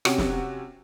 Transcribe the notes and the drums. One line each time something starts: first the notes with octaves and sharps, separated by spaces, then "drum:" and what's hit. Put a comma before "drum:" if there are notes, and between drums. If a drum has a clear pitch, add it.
C3 C#4 F#4 G4, drum: rim click
drum: snare